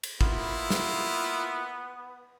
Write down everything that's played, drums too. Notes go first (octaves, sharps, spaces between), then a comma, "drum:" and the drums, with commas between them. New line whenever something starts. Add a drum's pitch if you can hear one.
drum: cymbal
A#3 B3 E4 F4, drum: kick
drum: snare